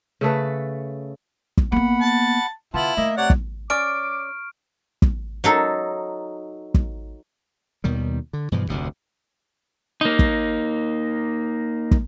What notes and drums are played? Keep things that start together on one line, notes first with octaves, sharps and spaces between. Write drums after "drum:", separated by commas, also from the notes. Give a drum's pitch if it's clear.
C#3 A3 A4 B4
drum: kick
A#3 B3 F#5 B5
A5
D3 B3 E4 F4 A5
A3 A#3 D#5 E5
C3 C#5 D5 F#5
drum: kick
C#4 D5 C#6 D6 F6 D7
drum: kick
F#3 D#4 A4
drum: kick
D#2 B2 D#3 G3
D3
G2 B2 E3 F3
F1 D2 C3
A#3 D#4
drum: kick
drum: kick